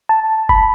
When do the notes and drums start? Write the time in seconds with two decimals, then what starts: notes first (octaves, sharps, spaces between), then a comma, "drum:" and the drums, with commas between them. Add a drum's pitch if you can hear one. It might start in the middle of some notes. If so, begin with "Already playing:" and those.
0.09 A5
0.49 B5, drum: kick F#1